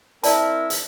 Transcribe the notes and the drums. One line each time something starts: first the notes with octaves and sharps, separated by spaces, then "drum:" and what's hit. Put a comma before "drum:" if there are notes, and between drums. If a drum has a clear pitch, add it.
C4 E4 A#4 D5 A5, drum: hi-hat
drum: hi-hat